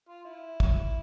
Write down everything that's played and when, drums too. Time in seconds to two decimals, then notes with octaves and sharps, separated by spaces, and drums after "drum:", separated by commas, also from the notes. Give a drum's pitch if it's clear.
0.09 F4
0.25 E4
0.60 drum: kick